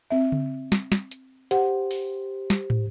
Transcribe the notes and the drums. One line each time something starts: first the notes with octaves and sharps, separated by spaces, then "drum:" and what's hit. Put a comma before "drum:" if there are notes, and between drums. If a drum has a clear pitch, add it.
C4 E5
drum: tom C#3
drum: snare
drum: snare
drum: hi-hat
G4 C5 F#5, drum: hi-hat
drum: open hi-hat
drum: snare
drum: tom